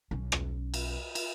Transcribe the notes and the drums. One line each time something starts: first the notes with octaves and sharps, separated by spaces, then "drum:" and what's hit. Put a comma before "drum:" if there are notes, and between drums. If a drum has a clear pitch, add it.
B1 C#4
drum: rim click
drum: cymbal
drum: cymbal